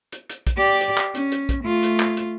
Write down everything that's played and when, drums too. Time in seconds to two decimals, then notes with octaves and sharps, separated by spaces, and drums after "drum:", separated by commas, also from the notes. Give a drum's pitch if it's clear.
0.12 drum: hi-hat
0.30 drum: hi-hat
0.47 drum: kick A#1, hi-hat
0.57 G4 D5
0.81 drum: hi-hat
0.98 drum: clap
1.15 C#4, drum: hi-hat
1.32 drum: hi-hat
1.49 drum: kick A#1, hi-hat
1.63 A3 F4
1.83 drum: hi-hat
2.00 drum: clap
2.17 drum: hi-hat